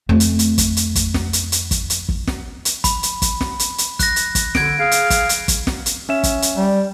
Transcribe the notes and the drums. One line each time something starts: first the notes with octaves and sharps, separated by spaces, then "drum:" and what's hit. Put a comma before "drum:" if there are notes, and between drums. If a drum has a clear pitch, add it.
F2 A3
drum: hi-hat
drum: hi-hat
drum: kick, hi-hat
drum: hi-hat
drum: kick, hi-hat
drum: snare
drum: hi-hat
drum: hi-hat
drum: kick, hi-hat
drum: hi-hat
drum: kick
drum: snare
drum: hi-hat
B5, drum: kick, hi-hat
drum: hi-hat
drum: kick, hi-hat
drum: snare
drum: hi-hat
drum: hi-hat
F#6 A#6, drum: kick, hi-hat
drum: hi-hat
drum: kick, hi-hat
D3 G#6 D7, drum: snare
G#4 F5
drum: hi-hat
drum: kick, hi-hat
drum: hi-hat
drum: kick, hi-hat
drum: snare
drum: hi-hat
C#4 E5 E7
drum: kick, hi-hat
drum: hi-hat
G3